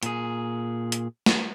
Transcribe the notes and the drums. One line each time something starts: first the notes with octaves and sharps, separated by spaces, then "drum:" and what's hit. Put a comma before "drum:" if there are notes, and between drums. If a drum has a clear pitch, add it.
A#2 G#4, drum: hi-hat
drum: hi-hat
drum: snare